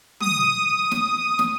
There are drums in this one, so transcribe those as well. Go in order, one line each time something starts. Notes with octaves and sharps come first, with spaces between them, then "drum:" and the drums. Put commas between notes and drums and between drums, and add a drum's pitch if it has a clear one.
D#6 D#7, drum: tom
drum: snare
drum: snare